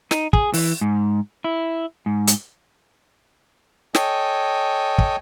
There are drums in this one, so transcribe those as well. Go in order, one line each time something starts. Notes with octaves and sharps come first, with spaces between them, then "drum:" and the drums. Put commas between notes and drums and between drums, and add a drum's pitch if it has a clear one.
D#4, drum: snare
G#4, drum: kick
E3, drum: open hi-hat
G#2
E4
G#2
drum: hi-hat
A4 C#5 D#5 G5 G#5, drum: snare
drum: kick